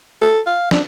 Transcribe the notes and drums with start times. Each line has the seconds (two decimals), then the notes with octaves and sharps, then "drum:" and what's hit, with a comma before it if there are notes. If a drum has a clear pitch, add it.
0.21 A4
0.47 F5
0.71 D4, drum: snare